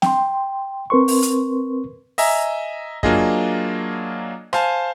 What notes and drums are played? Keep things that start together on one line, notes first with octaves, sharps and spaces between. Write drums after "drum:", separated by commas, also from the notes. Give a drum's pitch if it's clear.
G5 C6, drum: snare C4
C4 A#4 B4 C6 C#6
drum: open hi-hat
drum: hi-hat
D#5 E5 G#5 A#5, drum: open hi-hat
F#3 A#3 D4 F4 G#4 D#5, drum: kick F#2
C5 F5 G#5 A5, drum: rim click